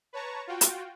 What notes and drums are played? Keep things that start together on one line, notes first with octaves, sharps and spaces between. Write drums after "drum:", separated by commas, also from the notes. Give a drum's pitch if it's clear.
B4 C#5 A5 A#5 C#6
F4 F#4 G5
drum: hi-hat